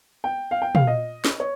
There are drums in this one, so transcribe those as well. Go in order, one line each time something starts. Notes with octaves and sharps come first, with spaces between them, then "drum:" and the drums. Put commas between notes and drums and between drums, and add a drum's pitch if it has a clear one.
G5
F5
G5
F5, drum: tom
D#5
drum: snare
C#5